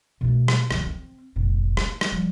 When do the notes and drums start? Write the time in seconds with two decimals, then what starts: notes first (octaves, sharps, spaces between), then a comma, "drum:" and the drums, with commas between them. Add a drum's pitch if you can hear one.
0.21 B2 A3
0.48 drum: rim click
0.71 D3 F#3, drum: rim click
0.86 C4
1.36 F1 A#1
1.77 A#3, drum: rim click
2.01 drum: rim click
2.12 F3 G3